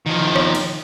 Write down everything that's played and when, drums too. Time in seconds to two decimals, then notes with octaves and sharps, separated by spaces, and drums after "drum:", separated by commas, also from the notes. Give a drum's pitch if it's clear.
0.06 D#3 F3
0.36 drum: rim click
0.55 drum: cymbal